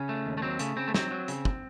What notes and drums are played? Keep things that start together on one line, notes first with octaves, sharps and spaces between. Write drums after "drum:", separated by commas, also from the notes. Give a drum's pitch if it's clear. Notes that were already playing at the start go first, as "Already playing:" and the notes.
Already playing: C#3 C#4
A3
D#2
A3
F#3 C4
C#3 A3, drum: hi-hat
C#3 C4
A3
F#3 C4, drum: snare
F#3
C#3, drum: hi-hat
drum: kick